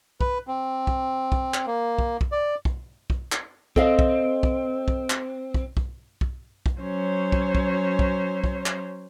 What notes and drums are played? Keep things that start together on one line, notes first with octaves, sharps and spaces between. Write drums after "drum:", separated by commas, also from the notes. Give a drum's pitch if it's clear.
B4, drum: kick
C4
drum: kick
drum: kick
drum: clap
A#3
drum: kick
drum: kick
D5
drum: kick
drum: kick
drum: clap
C4 A4 D#5 F5, drum: kick
drum: kick
drum: kick
drum: kick
drum: clap
drum: kick
drum: kick
drum: kick
drum: kick
F#3 C#4 C5 C#5
drum: kick
drum: kick
drum: kick
drum: kick
drum: clap